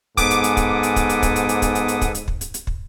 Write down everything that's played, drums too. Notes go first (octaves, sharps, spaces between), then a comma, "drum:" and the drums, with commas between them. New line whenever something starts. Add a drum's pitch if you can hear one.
G#2 B3 A4 B4 G#5 D6 D#6, drum: kick, hi-hat
drum: hi-hat
drum: hi-hat
drum: kick, hi-hat
drum: hi-hat
drum: kick, hi-hat
drum: hi-hat
drum: kick, hi-hat
drum: hi-hat
drum: hi-hat
drum: kick, hi-hat
drum: hi-hat
drum: hi-hat
drum: kick, hi-hat
drum: hi-hat
drum: kick
drum: hi-hat
drum: hi-hat
drum: kick